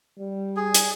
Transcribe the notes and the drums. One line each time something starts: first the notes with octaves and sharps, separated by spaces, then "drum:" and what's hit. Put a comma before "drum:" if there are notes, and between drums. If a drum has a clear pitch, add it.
G3
G#4
drum: hi-hat